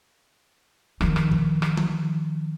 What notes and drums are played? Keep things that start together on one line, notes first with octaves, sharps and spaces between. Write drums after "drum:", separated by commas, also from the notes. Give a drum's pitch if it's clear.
D#3 F3, drum: rim click
drum: rim click
drum: kick
drum: rim click
drum: tom D#3